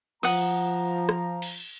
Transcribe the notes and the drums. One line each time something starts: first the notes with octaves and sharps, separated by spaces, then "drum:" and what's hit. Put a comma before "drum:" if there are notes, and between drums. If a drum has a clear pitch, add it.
F3 F#5 A#5 D#6, drum: cymbal
drum: rim click
drum: cymbal